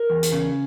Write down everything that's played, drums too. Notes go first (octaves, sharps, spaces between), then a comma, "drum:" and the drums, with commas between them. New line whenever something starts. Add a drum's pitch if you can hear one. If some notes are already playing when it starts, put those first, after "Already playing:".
Already playing: A#4
E2
drum: hi-hat
C#3